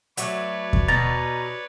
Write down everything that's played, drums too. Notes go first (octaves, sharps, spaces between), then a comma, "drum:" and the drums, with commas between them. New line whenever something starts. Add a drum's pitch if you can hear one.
F#3 A3 B4 C#5 D5, drum: hi-hat
drum: kick E2
B2 D#4 A#5 A6